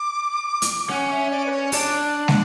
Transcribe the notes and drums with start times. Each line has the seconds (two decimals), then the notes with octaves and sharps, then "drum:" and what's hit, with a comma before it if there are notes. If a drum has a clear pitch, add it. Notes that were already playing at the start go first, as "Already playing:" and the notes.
Already playing: D6
0.62 drum: hi-hat
0.89 C#4 F#5
1.11 E5
1.31 D5
1.46 B4
1.51 C#5
1.72 D4 D5, drum: open hi-hat
2.28 drum: snare